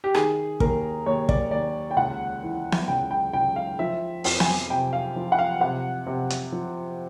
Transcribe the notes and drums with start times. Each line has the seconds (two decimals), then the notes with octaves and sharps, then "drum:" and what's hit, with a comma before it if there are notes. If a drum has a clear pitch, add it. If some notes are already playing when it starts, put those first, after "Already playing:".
0.04 G4
0.14 D#3 G#4, drum: rim click
0.60 D#2 A#4, drum: kick
1.06 D#2 C#5
1.29 D5, drum: kick
1.51 D#2 D5
1.91 G5
1.96 C#2 F#5
2.43 E3
2.72 drum: snare B3
2.88 C#2 G5
3.11 G5
3.33 C#2 G5
3.56 F5
3.79 F3 E5
4.24 F2, drum: open hi-hat
4.40 G#5, drum: snare B3
4.70 C3 G5
4.93 F5
5.16 F3
5.32 F#5
5.39 F5
5.61 C3 F#5
6.07 C3
6.30 drum: hi-hat
6.52 F3